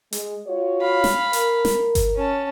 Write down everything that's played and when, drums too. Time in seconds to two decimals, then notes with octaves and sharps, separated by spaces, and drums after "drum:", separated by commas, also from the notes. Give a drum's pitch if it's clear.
0.13 G#3, drum: hi-hat
0.47 F4 F#4 C#5
0.81 F5 B5
1.04 drum: snare
1.33 A#4, drum: hi-hat
1.65 drum: snare
1.95 drum: kick G1, hi-hat
2.16 C#4 A5